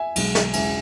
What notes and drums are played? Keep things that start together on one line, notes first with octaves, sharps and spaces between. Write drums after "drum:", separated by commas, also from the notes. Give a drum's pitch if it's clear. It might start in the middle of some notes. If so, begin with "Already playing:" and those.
Already playing: E5 G#5
B1 B2 G#3, drum: cymbal
drum: snare
E1 E2 C#3 G#3 E5 G#5, drum: cymbal